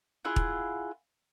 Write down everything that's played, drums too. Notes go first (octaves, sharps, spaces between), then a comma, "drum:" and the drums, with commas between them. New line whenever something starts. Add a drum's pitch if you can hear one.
E4 F4 G#4 F#5
drum: kick